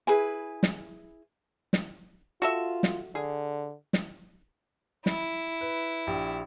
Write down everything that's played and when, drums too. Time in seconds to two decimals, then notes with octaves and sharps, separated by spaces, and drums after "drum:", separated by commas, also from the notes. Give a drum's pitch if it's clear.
0.07 E4 G#4 B4 G#5
0.63 drum: snare
1.73 drum: snare
2.42 F4 F#4 A4 E5
2.83 drum: snare
3.15 D3 G#4
3.93 drum: snare
5.06 E4, drum: snare
5.61 B4
6.07 A#1 G4